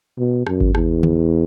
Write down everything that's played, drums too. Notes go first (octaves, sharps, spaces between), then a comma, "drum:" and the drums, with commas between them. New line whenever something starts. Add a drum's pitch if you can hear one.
B2
F#2, drum: rim click
drum: kick G#1
E2, drum: rim click
drum: tom